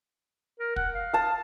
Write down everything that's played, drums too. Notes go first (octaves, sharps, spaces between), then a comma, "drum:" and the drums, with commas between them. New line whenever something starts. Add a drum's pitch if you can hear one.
A#4
F#5, drum: kick
F5
A5 D#6